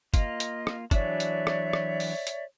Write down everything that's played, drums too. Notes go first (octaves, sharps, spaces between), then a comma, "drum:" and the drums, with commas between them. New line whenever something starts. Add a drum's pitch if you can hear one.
A#3 F4 D#5, drum: kick F#1, hi-hat
drum: hi-hat
drum: rim click
E3 F#3 D4 C#5 D5 E5, drum: kick F#1, hi-hat
drum: hi-hat
drum: rim click
drum: rim click
drum: open hi-hat
drum: hi-hat